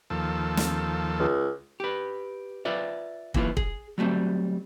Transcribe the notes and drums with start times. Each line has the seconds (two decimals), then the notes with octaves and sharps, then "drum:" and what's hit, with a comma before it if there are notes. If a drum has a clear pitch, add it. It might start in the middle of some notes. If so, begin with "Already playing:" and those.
0.10 D#2 F3 A4
0.57 drum: snare
1.20 C#2
1.80 G4 B4
2.65 F4 B4 D5 E5
3.34 E3 A#3 E4 F4 B4, drum: kick
3.57 G#4, drum: kick
3.98 F#3 G3 A3 C4